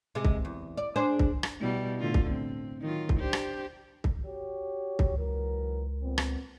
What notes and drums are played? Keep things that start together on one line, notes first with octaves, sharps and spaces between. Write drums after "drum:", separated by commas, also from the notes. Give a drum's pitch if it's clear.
C3 G#3
drum: kick C2
E2
D5
D4 G#4 C5
drum: kick C2
drum: rim click
B2 G3 E4
A2 D3 F4
drum: kick C2
C4
D#3 F#3 F4
drum: kick C2
D4 G4 C5
drum: rim click
drum: kick C2
F#4 G4 C#5
drum: kick C2
C#2 E3 F#3 A#4
A#2 B3 C4
drum: rim click